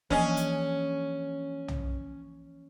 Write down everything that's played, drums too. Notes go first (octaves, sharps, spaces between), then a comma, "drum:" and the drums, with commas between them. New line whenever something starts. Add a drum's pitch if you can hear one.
E3 F3 A#3 C#4 D4 G#4 D#5, drum: kick
drum: hi-hat
drum: tom